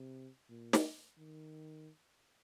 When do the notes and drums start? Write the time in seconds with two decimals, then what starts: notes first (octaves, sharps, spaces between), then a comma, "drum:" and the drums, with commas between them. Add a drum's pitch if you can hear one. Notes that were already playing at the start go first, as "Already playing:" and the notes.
Already playing: C3
0.50 A#2
0.73 drum: snare
1.18 D#3